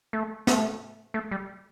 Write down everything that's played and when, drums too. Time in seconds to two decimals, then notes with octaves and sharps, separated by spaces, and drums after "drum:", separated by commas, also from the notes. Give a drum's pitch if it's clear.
0.13 A3
0.47 A3, drum: snare
1.14 A3
1.31 G3